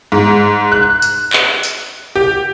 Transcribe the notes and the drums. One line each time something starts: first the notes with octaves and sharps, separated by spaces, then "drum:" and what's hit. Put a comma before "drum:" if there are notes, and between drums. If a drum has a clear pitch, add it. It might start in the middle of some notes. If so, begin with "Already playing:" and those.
G#2
F#6
drum: tambourine
drum: clap
drum: tambourine
G4